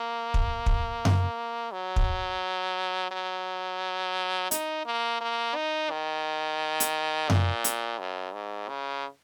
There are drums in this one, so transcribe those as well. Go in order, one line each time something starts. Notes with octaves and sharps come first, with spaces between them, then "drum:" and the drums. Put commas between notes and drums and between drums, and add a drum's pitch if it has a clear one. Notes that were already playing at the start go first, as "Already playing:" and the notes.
Already playing: A#3
drum: kick
drum: kick
drum: tom F#2
F#3
drum: kick
F#3
D#4, drum: hi-hat
A#3
A#3
D#4
D#3
drum: hi-hat
A#2, drum: tom F#2
drum: hi-hat
F#2
G#2
C#3